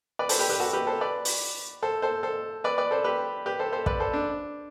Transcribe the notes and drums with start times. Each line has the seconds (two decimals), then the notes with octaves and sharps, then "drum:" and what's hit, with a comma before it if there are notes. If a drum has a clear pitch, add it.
0.19 B4 D5
0.29 A4 C5, drum: open hi-hat
0.39 G4 B4
0.50 G4 B4
0.60 F#4 A4
0.73 G4 B4
0.87 A4 C5
1.01 B4 D5
1.25 drum: open hi-hat
1.82 A4 C5
2.02 A4 C5
2.23 A4 C5
2.64 B4 D5
2.78 B4 D5
2.91 A4 C5
3.04 G4 B4
3.46 G4 B4
3.59 A4 C5
3.72 A4 C5
3.86 B4 D5, drum: kick
4.00 A4 C5
4.13 D4